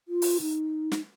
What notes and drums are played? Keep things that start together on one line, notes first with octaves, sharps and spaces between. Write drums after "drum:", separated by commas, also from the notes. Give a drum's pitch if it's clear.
F4
drum: open hi-hat
D#4
drum: snare